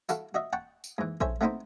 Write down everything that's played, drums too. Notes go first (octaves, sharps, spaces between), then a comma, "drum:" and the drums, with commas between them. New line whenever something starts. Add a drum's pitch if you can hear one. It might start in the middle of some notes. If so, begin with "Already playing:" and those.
E4 F#4 A4 F5, drum: tambourine
F#4 D#5 E5
F#5 G5 A5 C#6
drum: tambourine
G#2 E3
A4 C5 C#5 E5 G#5, drum: kick A#1
A3 B3 C4 D#4 E4 C5